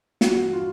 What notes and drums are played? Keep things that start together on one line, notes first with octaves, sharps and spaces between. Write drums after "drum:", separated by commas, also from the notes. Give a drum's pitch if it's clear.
G2 E3 G3 B3 D4 F#4, drum: snare
F4